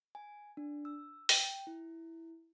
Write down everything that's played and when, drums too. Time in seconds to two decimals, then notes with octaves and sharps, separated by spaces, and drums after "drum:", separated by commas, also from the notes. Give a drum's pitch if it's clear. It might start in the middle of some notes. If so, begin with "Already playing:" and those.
0.15 G#5
0.57 D4
0.85 E6
1.29 G5, drum: open hi-hat
1.67 E4